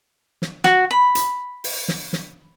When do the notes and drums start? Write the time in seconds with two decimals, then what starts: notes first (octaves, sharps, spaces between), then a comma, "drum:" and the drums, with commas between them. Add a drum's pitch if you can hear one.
0.42 drum: snare
0.64 F#4, drum: snare
0.91 B5
1.15 drum: hi-hat
1.64 drum: open hi-hat
1.88 drum: snare
2.13 drum: snare